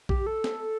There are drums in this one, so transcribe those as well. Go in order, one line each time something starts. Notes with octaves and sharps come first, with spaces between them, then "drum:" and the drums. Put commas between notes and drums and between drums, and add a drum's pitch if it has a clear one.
G4, drum: kick A#1
A4
drum: snare